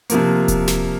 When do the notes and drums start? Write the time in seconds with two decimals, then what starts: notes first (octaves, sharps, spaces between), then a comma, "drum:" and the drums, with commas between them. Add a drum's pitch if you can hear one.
0.10 C3 F3 A#3, drum: hi-hat
0.48 drum: kick D#1, hi-hat
0.68 drum: snare